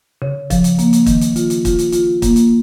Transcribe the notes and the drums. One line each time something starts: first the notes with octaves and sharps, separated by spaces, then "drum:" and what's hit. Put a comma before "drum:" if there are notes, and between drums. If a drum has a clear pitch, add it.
C#3
F3, drum: kick, hi-hat
drum: hi-hat
A#3, drum: hi-hat
drum: hi-hat
D#3, drum: kick, hi-hat
drum: hi-hat
F4, drum: hi-hat
drum: hi-hat
F4, drum: kick, hi-hat
drum: hi-hat
F4, drum: hi-hat
A#3, drum: kick, hi-hat
drum: hi-hat